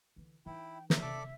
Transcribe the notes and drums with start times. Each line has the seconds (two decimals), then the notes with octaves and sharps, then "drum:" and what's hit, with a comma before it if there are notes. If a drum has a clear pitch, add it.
0.16 D3 E3
0.46 E3 D#4 E4 G5
0.90 A#4 E5, drum: snare
1.02 C3 A4 D5 D6